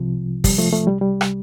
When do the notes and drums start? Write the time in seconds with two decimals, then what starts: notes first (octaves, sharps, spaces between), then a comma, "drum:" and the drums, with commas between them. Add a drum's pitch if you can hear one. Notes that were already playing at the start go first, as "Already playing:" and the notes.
Already playing: C2 C3 F3
0.44 G3, drum: kick, open hi-hat
0.58 F3 A3
0.72 F3 A3
0.87 G3
1.01 G3
1.21 drum: rim click